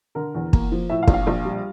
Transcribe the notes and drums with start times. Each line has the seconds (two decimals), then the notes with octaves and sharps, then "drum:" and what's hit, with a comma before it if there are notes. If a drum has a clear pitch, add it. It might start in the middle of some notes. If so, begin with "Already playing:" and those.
0.15 D3 A#4
0.35 E2
0.53 A#3, drum: kick
0.72 F3
0.89 A2 E5
1.03 F5
1.07 A#1, drum: kick
1.14 F5
1.27 A#1
1.45 G3